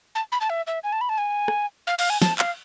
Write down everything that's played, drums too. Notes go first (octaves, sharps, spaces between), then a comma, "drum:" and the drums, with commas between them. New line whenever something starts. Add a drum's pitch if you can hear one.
A5
B5
A5
E5
E5
G#5
A5
B5
A5
G#5
drum: rim click
F5
F5, drum: cymbal
G#5
A5, drum: snare
F5, drum: clap